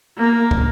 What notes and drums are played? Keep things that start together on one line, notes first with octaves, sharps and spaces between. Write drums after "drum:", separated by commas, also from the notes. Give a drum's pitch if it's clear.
A#3
drum: kick